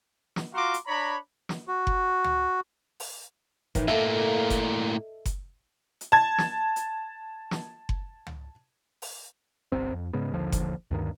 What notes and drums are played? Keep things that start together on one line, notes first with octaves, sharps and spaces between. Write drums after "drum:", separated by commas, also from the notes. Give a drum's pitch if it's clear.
drum: snare
F4 F#4 F5 A#5 C6 D6
drum: hi-hat
D4 C#5 A#5 B5
drum: snare
F#4
drum: kick F#1
drum: tom
drum: open hi-hat
A2 D#3 E3, drum: kick F#1, hi-hat
A2 A#3 A4 D#5 E5
drum: kick F#1, hi-hat
drum: kick F#1, hi-hat
drum: hi-hat
A5 G#6
drum: snare
drum: hi-hat
drum: snare
drum: kick F#1
drum: tom
drum: open hi-hat
G1 C2 C3 C4
F2
G#2 C#3 G#3 B3
A#1 D#2 D3 F3
drum: kick F#1, hi-hat
D2 G2 D#3